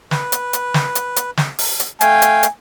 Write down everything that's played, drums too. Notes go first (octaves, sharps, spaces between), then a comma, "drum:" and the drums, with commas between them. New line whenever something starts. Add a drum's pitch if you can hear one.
B4, drum: snare
drum: hi-hat
drum: hi-hat
drum: snare
drum: hi-hat
drum: hi-hat
drum: snare
drum: open hi-hat
drum: hi-hat
A3 F5 G5 G#5, drum: hi-hat
drum: hi-hat
drum: hi-hat